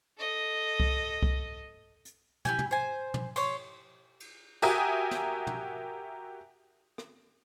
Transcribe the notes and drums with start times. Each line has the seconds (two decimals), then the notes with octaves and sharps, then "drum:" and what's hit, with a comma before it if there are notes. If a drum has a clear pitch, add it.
0.18 A4 D#5
0.80 drum: kick C2
1.23 drum: kick C2
2.05 drum: hi-hat
2.45 E4 G4 G#5, drum: tom
2.59 drum: tom
2.71 C5 G#5
3.14 drum: tom
3.36 C#5 C6, drum: cymbal
4.20 drum: cymbal
4.62 F#4 G4 A#4 E5 G#5 D#6, drum: tambourine
5.11 drum: snare
5.47 drum: tom
6.98 drum: rim click